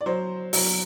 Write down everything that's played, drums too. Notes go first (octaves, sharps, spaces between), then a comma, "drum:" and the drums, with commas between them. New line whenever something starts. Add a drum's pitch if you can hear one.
D5
F#3 C5
F#3, drum: open hi-hat